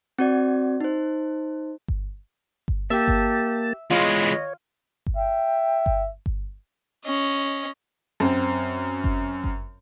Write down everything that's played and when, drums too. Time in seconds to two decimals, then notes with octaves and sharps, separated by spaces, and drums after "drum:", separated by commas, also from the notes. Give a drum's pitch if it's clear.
0.19 C4 F#4 D5
0.81 D#4 C5
1.88 drum: kick G1
2.68 drum: kick G1
2.90 A#3 G4 E5 A5
3.08 drum: kick G1
3.91 E3 G#3 F4 C#5 D#5
5.06 drum: kick G1
5.17 E5 G5
5.86 drum: kick G1
6.26 drum: kick G1
7.05 C#4 D#5
8.20 F#2 C4
9.04 drum: kick G1
9.44 drum: kick G1